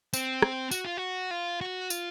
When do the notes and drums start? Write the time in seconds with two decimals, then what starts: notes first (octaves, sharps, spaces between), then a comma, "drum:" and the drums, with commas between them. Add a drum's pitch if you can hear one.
0.13 C4, drum: tambourine
0.42 drum: rim click
0.71 F#4, drum: tambourine
0.85 F4
0.97 F#4
1.31 F4
1.61 F#4
1.90 F4, drum: tambourine